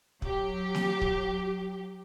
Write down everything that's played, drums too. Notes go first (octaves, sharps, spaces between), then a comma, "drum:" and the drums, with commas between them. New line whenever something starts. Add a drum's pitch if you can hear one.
F#3 G4, drum: kick
drum: snare
drum: kick